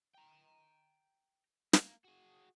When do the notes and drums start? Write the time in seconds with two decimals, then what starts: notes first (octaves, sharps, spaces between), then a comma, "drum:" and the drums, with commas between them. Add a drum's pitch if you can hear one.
0.14 G5 A#5
1.73 A#3, drum: snare
2.04 F#4 G#4